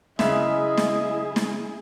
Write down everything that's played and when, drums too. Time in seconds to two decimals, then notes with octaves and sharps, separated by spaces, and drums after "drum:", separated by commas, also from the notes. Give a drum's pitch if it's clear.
0.19 F#2 C#3 E4 G#4 D#5 E5, drum: snare
0.77 drum: snare
1.36 drum: snare